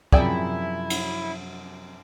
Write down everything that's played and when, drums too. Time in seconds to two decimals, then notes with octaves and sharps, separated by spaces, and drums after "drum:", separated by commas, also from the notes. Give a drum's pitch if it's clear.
0.12 F#2 C3 F3 E4 G#4 D5 G5, drum: kick
0.90 drum: cymbal